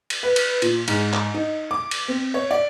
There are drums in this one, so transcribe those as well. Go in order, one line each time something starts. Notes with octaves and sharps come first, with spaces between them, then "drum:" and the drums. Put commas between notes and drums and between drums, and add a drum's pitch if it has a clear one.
drum: cymbal
B4
drum: cymbal
A#2, drum: cymbal
G#2, drum: cymbal
drum: clap
D#4
D6
drum: cymbal
C4
C#5
D5